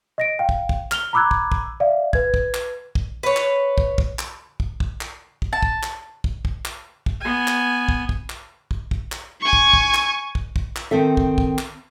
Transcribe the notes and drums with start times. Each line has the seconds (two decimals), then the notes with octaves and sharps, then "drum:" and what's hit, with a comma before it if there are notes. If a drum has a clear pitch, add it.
0.18 D#5 A#6 D7
0.39 F5 G5
0.49 drum: kick
0.69 drum: kick
0.91 F6 F7 G7, drum: clap
1.13 A#5 B5 D6 E6 F#6 G#6
1.31 drum: kick
1.52 drum: kick
1.80 D5 E5 F5
2.13 B4 G#6, drum: kick
2.34 drum: kick
2.54 drum: clap
2.95 drum: kick
3.23 B4 C#5
3.36 drum: clap
3.78 drum: kick
3.98 drum: kick
4.19 drum: clap
4.60 drum: kick
4.80 drum: kick
5.01 drum: clap
5.42 drum: kick
5.53 A5
5.63 drum: kick
5.83 drum: clap
6.24 drum: kick
6.45 drum: kick
6.65 drum: clap
7.06 drum: kick
7.21 B3 G#5
7.47 drum: clap
7.89 drum: kick
8.09 drum: kick
8.30 drum: clap
8.71 drum: kick
8.91 drum: kick
9.12 drum: clap
9.41 G#5 C#6
9.53 drum: kick
9.73 drum: kick
9.94 drum: clap
10.35 drum: kick
10.56 drum: kick
10.76 drum: clap
10.91 D#3 C4 A4 E5
11.17 drum: kick
11.38 drum: kick
11.58 drum: clap